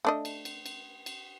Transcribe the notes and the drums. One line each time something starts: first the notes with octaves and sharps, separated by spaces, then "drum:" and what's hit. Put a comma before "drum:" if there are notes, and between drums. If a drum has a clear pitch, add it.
A3 D4 D#5
drum: cymbal
drum: cymbal
drum: cymbal
drum: cymbal